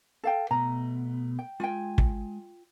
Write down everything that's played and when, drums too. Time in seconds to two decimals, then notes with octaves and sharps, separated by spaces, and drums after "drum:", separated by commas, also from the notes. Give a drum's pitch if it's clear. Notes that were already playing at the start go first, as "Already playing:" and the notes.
0.24 A4 F5 G5
0.51 B2 A3 A#5
1.39 G5
1.60 G#3 F4 G5 G#5
1.98 drum: kick